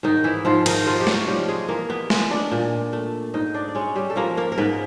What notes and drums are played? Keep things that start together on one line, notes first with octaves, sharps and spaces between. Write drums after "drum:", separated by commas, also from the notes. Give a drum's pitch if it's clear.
G#2 D#3 D#4
E3 E4
G#2 F3 F4
D#3 D#4, drum: cymbal
C3 F3 F4
G4
F#3 F#4, drum: snare
F3 G3 G4
G#3 G#4
E3 A#3 A#4
B3 B4
G#3, drum: snare
D4 D5
A#2
A3
G#2 D#4 D#5
D4 D5
D5
G#3 C#4 C#5
G3 G4
A4
F3 A#3 A#4
A#3 A#4
A#4
G#2 B3 B4